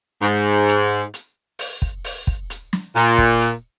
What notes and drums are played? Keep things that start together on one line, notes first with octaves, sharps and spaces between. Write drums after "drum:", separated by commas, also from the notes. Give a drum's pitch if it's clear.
G#2, drum: hi-hat
drum: hi-hat
drum: hi-hat
drum: open hi-hat
drum: kick
drum: open hi-hat
drum: kick
drum: hi-hat
drum: snare
A#2, drum: hi-hat
drum: kick
drum: hi-hat